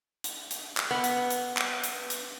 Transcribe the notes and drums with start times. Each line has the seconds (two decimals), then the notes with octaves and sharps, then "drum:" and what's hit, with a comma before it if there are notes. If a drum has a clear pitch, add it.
0.24 drum: hi-hat
0.51 drum: hi-hat
0.77 drum: clap
0.91 B3
1.04 drum: hi-hat
1.30 drum: hi-hat
1.57 drum: clap
1.84 drum: hi-hat
2.10 drum: hi-hat